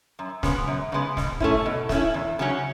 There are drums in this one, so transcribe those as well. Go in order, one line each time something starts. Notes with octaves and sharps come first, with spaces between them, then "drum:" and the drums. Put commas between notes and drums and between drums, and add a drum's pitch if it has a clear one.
F#2
C#3 G#3 B3, drum: snare
F#2
C#3 G#3 B3
B2, drum: snare
A3 C#4 E4, drum: kick
B2
A3, drum: snare
C#4 E4
E2
C#3 F#3 C#4